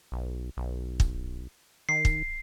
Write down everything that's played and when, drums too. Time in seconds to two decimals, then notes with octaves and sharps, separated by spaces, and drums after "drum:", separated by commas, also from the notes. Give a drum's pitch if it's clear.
0.12 B1
0.57 B1
1.00 drum: kick
1.89 D#3 C7
2.05 drum: kick